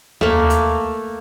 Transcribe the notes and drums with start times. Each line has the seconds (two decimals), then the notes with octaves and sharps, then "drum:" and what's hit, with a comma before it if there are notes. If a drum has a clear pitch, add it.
0.21 A3 A#3, drum: tom D#2
0.50 drum: hi-hat